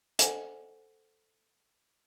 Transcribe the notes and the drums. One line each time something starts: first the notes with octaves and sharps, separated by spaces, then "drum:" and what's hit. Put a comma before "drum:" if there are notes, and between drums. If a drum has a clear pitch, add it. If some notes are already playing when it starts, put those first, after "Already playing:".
A4 C5 F#5 G#5, drum: hi-hat